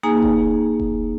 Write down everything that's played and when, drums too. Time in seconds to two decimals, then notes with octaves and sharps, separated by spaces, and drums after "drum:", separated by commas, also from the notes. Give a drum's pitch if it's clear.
0.03 A#3 D#4 G#4 G#5
0.22 drum: kick D#1
0.80 drum: kick D#1